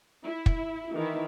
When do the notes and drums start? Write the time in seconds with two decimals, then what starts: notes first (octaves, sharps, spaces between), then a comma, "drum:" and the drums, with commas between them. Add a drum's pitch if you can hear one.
0.25 E4
0.46 drum: kick
0.94 D#3 E3 E4